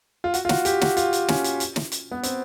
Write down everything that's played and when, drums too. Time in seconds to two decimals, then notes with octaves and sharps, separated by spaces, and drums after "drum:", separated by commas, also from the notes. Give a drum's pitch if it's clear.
0.24 F4
0.34 F#4, drum: hi-hat
0.45 F4
0.49 F#4, drum: snare
0.65 G4, drum: hi-hat
0.81 F#4, drum: snare
0.97 F4, drum: hi-hat
1.13 drum: hi-hat
1.28 C#4, drum: snare
1.44 drum: hi-hat
1.60 drum: hi-hat
1.76 drum: snare
1.92 drum: hi-hat
2.11 B3
2.23 C4, drum: hi-hat